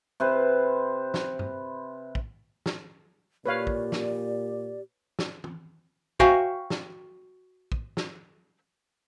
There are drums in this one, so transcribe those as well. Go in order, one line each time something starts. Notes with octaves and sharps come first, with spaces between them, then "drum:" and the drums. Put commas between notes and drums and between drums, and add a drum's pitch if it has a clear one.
C3 B4 C5
drum: snare
drum: tom G2
drum: kick
drum: snare
A#2 G4 B4 C#5 D5 F5
drum: kick
drum: snare
drum: snare
drum: tom
F#4 C5 E5 F5 G5 G#5, drum: kick
drum: snare
drum: kick
drum: snare